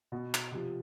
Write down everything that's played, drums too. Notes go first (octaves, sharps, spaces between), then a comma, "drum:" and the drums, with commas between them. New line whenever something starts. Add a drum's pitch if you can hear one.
B2
drum: clap
C3 F3